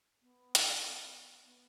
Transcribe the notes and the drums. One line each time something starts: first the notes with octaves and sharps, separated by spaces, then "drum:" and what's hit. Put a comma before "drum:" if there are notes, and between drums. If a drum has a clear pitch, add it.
B3
drum: hi-hat
B3